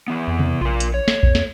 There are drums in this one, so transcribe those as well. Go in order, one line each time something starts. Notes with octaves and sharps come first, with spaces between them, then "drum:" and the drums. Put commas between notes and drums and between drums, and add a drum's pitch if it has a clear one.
E3 B3
F2
drum: tom C3
A#1 F4 A#4
drum: hi-hat
C#5
drum: snare
F2, drum: kick A#1
drum: snare